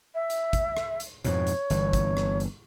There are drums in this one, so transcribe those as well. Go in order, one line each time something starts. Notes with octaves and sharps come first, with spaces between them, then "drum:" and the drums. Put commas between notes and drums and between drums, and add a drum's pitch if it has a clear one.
E5
drum: hi-hat
drum: kick, hi-hat
drum: rim click
drum: hi-hat
F2 G#2 B2 C#5, drum: hi-hat
drum: hi-hat
G1 E3, drum: hi-hat
drum: kick, hi-hat
drum: rim click
drum: hi-hat